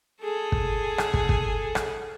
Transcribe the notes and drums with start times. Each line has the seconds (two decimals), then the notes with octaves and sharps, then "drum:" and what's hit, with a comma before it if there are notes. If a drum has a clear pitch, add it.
0.21 G#4 A4
0.52 drum: kick
0.98 drum: rim click
1.14 drum: kick
1.29 drum: kick
1.75 drum: rim click